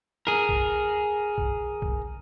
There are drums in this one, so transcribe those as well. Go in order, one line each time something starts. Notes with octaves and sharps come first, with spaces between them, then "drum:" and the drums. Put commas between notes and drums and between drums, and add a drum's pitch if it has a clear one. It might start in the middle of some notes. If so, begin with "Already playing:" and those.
G#4 A#4
drum: kick B1
drum: kick B1
drum: kick B1